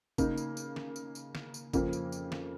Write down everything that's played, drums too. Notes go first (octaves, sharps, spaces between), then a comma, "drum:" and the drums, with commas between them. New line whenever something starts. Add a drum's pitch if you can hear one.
C#3 A#3 D#4, drum: kick G#1, tambourine
drum: tambourine
drum: tambourine
drum: snare
drum: tambourine
drum: tambourine
drum: snare
drum: tambourine
F2 C#3 F3 A#3, drum: kick G#1, tambourine
drum: tambourine
drum: tambourine
drum: snare